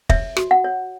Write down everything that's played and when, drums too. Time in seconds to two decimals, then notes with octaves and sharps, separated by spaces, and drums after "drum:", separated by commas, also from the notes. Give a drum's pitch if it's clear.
0.09 C#5 E5, drum: kick
0.37 F#4, drum: rim click
0.51 F#5
0.64 C#5